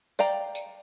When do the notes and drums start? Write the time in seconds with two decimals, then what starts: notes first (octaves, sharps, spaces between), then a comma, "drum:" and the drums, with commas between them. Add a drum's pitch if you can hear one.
0.19 D5 F5 G5 A#5, drum: tambourine
0.55 drum: tambourine